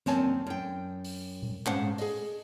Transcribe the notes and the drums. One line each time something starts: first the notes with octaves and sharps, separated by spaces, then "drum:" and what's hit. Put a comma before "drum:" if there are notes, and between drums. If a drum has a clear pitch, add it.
F#2 A#3 C4 C#5 G#5 A5, drum: snare
F#2 G5
drum: open hi-hat
drum: tom A#2
G#2 C#4 C5 F5 F#5 A5, drum: clap
G#4 D#5, drum: open hi-hat